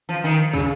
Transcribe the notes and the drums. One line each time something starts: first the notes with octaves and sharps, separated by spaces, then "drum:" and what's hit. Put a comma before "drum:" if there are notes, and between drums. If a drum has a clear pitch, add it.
F3
D#3
C#3, drum: kick